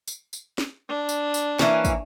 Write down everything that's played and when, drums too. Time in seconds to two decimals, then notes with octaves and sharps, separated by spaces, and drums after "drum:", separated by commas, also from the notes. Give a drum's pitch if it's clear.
0.08 drum: tambourine
0.33 drum: tambourine
0.58 drum: snare
0.89 D4
1.09 drum: tambourine
1.34 drum: tambourine
1.59 E3 A#3 C#4, drum: snare
1.85 drum: kick, tambourine